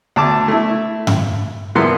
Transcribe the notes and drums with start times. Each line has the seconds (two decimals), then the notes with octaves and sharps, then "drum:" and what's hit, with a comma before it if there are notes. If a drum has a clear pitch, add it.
0.16 D2 A5 D6
0.48 A3 E4
1.07 drum: tom G2
1.75 C2 E3 F3 A#3 B3 C6